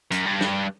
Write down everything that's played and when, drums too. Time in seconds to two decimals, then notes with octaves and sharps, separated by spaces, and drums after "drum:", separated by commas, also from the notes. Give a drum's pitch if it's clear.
0.12 F#2, drum: hi-hat
0.26 G2
0.41 drum: snare